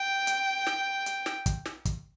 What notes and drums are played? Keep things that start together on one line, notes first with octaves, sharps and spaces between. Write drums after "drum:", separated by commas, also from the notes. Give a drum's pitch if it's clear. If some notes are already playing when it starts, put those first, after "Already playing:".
Already playing: G5
drum: hi-hat
drum: snare
drum: hi-hat
drum: snare
drum: kick, hi-hat
drum: snare
drum: kick, hi-hat